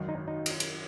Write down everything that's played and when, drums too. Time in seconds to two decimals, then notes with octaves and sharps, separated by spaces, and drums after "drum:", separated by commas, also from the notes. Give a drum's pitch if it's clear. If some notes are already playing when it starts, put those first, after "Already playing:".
Already playing: G#1 F#2 D#3
0.09 D#4
0.28 D#4
0.46 drum: cymbal
0.60 drum: cymbal